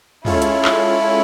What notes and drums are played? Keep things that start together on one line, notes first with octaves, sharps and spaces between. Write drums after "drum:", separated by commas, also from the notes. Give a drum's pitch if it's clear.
G#3 C#4 E4 F4 A4 C#5, drum: tom
drum: hi-hat
drum: clap